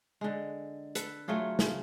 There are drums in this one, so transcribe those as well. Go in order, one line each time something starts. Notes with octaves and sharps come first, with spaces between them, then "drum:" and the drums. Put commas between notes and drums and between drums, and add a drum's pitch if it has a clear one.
D3 G#3
A4 B4, drum: hi-hat
F#3 A3 F4 G#4
C#3, drum: snare